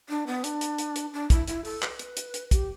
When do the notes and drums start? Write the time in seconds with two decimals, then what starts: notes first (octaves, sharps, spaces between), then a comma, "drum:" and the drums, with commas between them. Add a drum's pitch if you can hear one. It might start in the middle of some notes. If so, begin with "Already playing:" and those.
0.09 D4
0.27 B3
0.44 D4, drum: hi-hat
0.61 drum: hi-hat
0.78 drum: hi-hat
0.96 drum: hi-hat
1.13 D4
1.30 E4, drum: kick, hi-hat
1.48 E4, drum: hi-hat
1.65 A4, drum: open hi-hat
1.82 B4, drum: clap
1.99 drum: hi-hat
2.17 drum: hi-hat
2.34 drum: hi-hat
2.51 G4, drum: kick, hi-hat